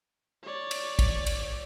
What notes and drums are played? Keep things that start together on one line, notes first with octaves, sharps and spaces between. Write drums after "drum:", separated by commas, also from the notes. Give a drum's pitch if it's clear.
C#5 D5
drum: cymbal
drum: kick, cymbal
drum: cymbal